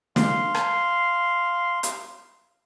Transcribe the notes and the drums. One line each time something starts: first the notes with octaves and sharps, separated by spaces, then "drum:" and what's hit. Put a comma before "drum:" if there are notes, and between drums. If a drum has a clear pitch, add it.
F5 C6, drum: snare
drum: rim click
drum: hi-hat